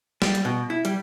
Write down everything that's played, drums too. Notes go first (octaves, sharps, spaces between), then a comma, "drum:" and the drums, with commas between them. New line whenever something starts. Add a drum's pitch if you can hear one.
G3, drum: snare
drum: hi-hat
B2
E4
G3, drum: hi-hat